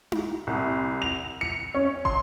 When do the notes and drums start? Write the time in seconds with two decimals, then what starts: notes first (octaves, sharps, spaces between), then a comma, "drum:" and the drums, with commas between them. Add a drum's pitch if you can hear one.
0.12 drum: tom D#4
0.47 C2
1.02 F7
1.41 C#7
1.74 C#4
2.05 C6, drum: kick